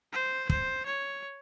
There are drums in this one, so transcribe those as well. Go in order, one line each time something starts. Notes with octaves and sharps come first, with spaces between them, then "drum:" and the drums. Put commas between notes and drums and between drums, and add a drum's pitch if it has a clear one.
C5
C5, drum: kick
C#5